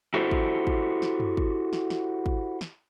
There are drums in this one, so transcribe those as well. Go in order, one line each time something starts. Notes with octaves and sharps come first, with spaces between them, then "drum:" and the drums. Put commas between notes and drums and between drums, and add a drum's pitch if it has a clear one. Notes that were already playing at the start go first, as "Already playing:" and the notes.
E4 F#4 G4 A4 C5
drum: kick
drum: kick
drum: snare
drum: tom
drum: kick
drum: snare
drum: snare
drum: kick
drum: snare